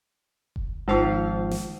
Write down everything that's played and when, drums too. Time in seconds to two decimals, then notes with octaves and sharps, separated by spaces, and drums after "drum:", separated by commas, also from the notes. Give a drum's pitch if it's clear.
0.56 drum: kick F1
0.88 G#1 F3 G#3 D#4 F5
1.51 drum: snare